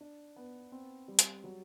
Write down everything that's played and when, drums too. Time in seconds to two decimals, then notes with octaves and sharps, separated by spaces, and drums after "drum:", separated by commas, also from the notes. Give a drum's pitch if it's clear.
0.01 D4
0.36 B3
0.72 C4
1.08 G3
1.19 drum: hi-hat
1.44 F#3